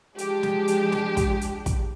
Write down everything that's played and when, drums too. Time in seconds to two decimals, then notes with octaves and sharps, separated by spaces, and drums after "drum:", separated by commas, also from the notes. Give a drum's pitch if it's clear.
0.18 F3 G#3 D4 G4, drum: hi-hat
0.43 drum: snare
0.68 drum: hi-hat
0.92 drum: snare
1.17 drum: kick, hi-hat
1.41 drum: hi-hat
1.66 drum: kick, hi-hat